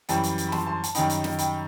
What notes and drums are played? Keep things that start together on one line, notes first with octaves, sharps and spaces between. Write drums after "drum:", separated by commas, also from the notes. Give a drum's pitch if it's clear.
F#2 E3 G3 G5 B5, drum: hi-hat
drum: hi-hat
drum: hi-hat
B5
A5 C6, drum: snare
A5 C6
A5, drum: hi-hat
F#2 D#3 G3 D#4 G5 B5, drum: hi-hat
drum: hi-hat
drum: snare
G5 B5, drum: hi-hat